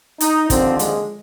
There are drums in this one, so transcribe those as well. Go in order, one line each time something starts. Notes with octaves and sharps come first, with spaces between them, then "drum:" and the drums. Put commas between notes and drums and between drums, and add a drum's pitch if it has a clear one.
D#4, drum: hi-hat
D#2 D3 F3 C4, drum: kick, hi-hat
G#3, drum: hi-hat